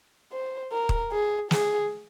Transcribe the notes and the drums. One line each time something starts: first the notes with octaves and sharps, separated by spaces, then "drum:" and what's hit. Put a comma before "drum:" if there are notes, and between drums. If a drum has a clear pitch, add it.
C5
A#4
drum: kick
G#4
G#4, drum: snare